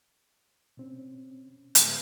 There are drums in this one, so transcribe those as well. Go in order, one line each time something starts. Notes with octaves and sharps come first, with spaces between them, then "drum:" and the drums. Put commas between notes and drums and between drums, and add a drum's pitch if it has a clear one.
B2 C4 C#4
A2 D3 F#3 G#3 B3, drum: hi-hat